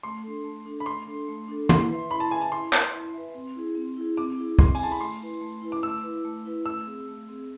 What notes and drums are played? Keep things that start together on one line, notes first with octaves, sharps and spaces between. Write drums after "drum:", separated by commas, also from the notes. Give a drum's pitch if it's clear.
A3 C6
D4 A4
A3
D4 A4
B5
A3 C6
D4 A4
A3
D4 A4
E4 C6, drum: tom
B4 E5
E4 B5
A5
B4 E5 G#5
A5
E4 C6
B4 E5, drum: clap
E4
B4 E5
C4
E4 G#4
C4
E4 G#4
C4 D6
E4 G#4
C4 C6, drum: kick
G#5, drum: open hi-hat
E4 G#4 A5
B5
A3 C6
E4 B4
A3
E4 B4
D6
A3 E6
E4 B4
A3
E4 B4
A3 E6
C4 G#4
A3
C4 G#4